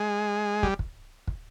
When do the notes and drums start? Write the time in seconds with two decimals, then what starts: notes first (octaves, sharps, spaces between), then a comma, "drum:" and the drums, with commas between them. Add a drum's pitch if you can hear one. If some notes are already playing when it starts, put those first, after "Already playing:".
Already playing: G#3
0.63 G3, drum: kick
0.79 drum: kick
1.27 drum: kick